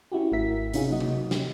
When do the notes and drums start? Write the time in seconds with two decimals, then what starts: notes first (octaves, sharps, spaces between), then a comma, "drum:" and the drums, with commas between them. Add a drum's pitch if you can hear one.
0.12 C#4 E4 F#4 G4
0.32 G#1 A3 E4 A#4 E5 B6
0.74 C3 C#4 D#4 F4 F#4 G#4, drum: hi-hat
0.91 F#3 A#3 D#4 F#4 D#5
1.00 drum: tom C3
1.31 G4, drum: snare